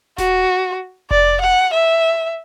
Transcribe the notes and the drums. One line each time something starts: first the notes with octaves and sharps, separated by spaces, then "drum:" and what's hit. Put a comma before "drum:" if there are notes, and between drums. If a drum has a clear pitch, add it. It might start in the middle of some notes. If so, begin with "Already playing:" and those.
F#4, drum: snare D#1
D5, drum: kick F1
F#5
E5